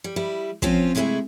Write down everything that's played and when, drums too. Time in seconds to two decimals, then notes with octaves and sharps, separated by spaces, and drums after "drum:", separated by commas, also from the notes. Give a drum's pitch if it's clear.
0.04 G3
0.16 G3 E4
0.62 F3 C4 C#4 F4, drum: kick
0.95 C3 G#3 A3 C#4 E4 G#4